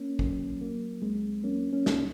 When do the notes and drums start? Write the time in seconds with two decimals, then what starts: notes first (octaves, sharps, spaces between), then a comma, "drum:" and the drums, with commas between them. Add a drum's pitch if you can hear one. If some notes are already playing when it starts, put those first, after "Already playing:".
Already playing: A#3 C#4
0.19 F#3, drum: kick
0.61 F#3 A#3
1.02 C#2 G#3 C4
1.44 F#3 A#3 C#4
1.72 A#3 C#4
1.86 C#2, drum: snare